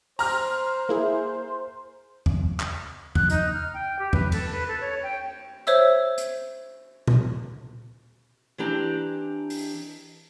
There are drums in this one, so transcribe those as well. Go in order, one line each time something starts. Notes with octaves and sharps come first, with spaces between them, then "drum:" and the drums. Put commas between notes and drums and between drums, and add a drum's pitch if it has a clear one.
C5 A#5 F6, drum: open hi-hat
A#3 E4 G#4
drum: tom E2
drum: clap
F#6, drum: tom E2
D#4, drum: hi-hat
F6
G5
G4
B4, drum: tom E2
A4, drum: cymbal
B4
A4
C#5
G5
C5 C#5 E5 E6, drum: hi-hat
drum: hi-hat
drum: tom A#2
E3 C4 D4 G4 A#5
drum: open hi-hat